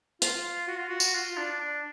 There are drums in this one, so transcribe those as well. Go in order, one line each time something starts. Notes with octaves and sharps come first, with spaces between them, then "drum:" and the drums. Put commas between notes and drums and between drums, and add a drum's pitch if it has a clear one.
F4, drum: hi-hat
F#4
F4
F#4
drum: tambourine
F4
D4
D4